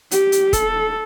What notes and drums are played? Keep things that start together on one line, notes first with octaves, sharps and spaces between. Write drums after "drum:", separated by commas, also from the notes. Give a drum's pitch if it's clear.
G4, drum: hi-hat
drum: hi-hat
A4, drum: kick, hi-hat